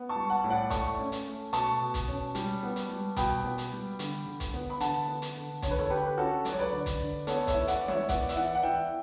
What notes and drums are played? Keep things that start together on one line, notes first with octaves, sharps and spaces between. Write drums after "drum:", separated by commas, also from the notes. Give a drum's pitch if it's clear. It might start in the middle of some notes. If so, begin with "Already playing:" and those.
Already playing: B3
A5 C#6
G3
F#5 A5
A2
D5 F#5
A3 A5 C#6, drum: kick, hi-hat
C#4
drum: hi-hat
A3
B2 A5 C#6, drum: hi-hat
B2
drum: kick, hi-hat
C#4
G3, drum: hi-hat
B3
drum: hi-hat
G3
B2 G5 B5, drum: kick, hi-hat
B3
drum: hi-hat
G3
D3, drum: hi-hat
D3
drum: kick, hi-hat
B3
B5
D3 F#5 A5, drum: hi-hat
B3
drum: hi-hat
D3
D3 C#5, drum: kick, hi-hat
B4
A4 C#5
D3 G4 B4
B4
C#4 F#4 A4
F#3 D5, drum: hi-hat
C#5
B4 D5
D3
drum: kick, hi-hat
D3
B3 A4 C#5, drum: hi-hat
C#5 E5, drum: kick, hi-hat
E3
D5 F#5, drum: hi-hat
E3
C#5 E5, drum: snare
B3 D5 F#5, drum: kick, hi-hat
E5, drum: hi-hat
E3 D5 F#5
F#5
E3 E5 G5